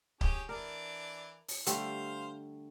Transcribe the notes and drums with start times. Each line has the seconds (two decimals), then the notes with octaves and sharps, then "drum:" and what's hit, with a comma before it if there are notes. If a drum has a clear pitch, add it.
0.21 C#4 G4 G#4, drum: kick C#1
0.49 E3 D4 A#4 D5
1.48 drum: open hi-hat
1.66 D3 G3 A3 C5 F5, drum: hi-hat